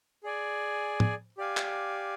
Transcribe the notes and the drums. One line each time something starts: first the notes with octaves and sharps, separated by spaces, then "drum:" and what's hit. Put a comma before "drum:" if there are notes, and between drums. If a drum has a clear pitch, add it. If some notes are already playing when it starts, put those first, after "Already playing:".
G#4 D5 G#5
drum: tom A2
G4 D5 F5 G#5
drum: clap